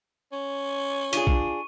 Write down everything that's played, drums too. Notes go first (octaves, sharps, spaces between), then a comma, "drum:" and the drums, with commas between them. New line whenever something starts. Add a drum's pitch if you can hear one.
C#4
D4 F4 G#4 C#6 D#7, drum: hi-hat
drum: kick